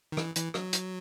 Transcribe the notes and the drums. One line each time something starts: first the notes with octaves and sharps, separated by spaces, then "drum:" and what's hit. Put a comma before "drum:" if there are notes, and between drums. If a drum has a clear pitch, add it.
D#3
E3, drum: rim click
E3, drum: hi-hat
F#3, drum: rim click
drum: hi-hat